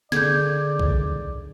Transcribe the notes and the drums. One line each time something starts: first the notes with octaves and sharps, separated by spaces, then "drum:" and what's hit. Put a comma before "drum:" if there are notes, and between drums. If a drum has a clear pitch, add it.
D3 G#4 A4 D5 G6 G#6, drum: snare
drum: kick B1